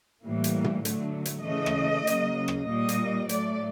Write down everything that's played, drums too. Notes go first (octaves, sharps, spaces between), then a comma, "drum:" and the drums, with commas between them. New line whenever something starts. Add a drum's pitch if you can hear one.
A2 E3 G3 A#3
drum: hi-hat
drum: tom
D3 F#3 A3, drum: hi-hat
drum: hi-hat
C#3 E3 A3 D#5
drum: rim click
C#3 F#3 A#3, drum: hi-hat
drum: rim click
A#2 G3 A#3 D#5
drum: hi-hat
A2 F#3 A3 D5, drum: hi-hat